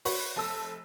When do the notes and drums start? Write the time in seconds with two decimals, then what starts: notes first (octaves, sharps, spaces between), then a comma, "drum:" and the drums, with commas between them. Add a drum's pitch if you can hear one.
0.05 F#4 B4 C#5 B5 C#6, drum: open hi-hat
0.36 F1 A4 A5 E6